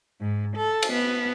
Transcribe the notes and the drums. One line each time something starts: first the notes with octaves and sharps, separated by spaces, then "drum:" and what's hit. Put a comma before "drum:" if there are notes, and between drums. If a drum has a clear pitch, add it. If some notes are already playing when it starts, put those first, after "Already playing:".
G#2
A4
drum: cymbal
B3